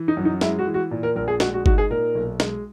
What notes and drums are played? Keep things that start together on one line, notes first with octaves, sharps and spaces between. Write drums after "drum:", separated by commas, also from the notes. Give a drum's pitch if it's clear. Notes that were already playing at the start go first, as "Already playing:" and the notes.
Already playing: E3
D#4
F#2
D#4
G#3 E4, drum: snare
F#4
E3
F#4
A#2
A#4
A#1 A#4
G#4
G#3 F#4, drum: snare
F#4
D#4 F#4, drum: kick G1
G#4
A#2 A#4
B1
G#3, drum: snare